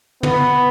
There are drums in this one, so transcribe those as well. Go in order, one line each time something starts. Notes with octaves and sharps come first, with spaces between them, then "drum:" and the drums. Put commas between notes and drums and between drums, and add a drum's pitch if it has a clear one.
B3, drum: tom